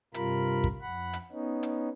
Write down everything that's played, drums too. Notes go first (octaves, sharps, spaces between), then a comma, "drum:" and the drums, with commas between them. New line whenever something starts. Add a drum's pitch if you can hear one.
G2 C3 G3 F4 A#4 B5, drum: hi-hat
drum: kick
F2 F#5 B5
drum: hi-hat
B3 C#4 D#4
drum: hi-hat